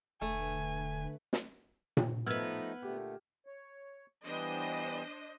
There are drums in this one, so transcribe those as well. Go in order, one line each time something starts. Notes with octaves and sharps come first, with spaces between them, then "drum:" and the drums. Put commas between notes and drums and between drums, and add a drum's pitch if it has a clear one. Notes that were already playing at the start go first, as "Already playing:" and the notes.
E1 D3 A3 B4 G#5
drum: snare
drum: tom A#2
F3 A3 B3 D#4 B4 E6 F6 G#6
A#2 D3 A3 G4
C#5
E3 G3 B3 D4 C5 D#5